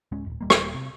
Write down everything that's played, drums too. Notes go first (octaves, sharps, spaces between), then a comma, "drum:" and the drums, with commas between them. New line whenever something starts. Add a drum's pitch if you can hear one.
D1 G#3 C#4
D1 F2
D#1 G3 A#3
drum: rim click
C3